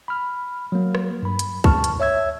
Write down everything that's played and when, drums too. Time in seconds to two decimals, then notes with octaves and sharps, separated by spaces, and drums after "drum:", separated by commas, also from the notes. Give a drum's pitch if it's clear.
0.08 B5 F6
0.72 F#3 A#3
0.95 drum: rim click
1.23 G2 B5
1.39 drum: hi-hat
1.64 A5 C#6 F6, drum: kick
1.84 drum: hi-hat
2.00 C#5 E5 E6 G#6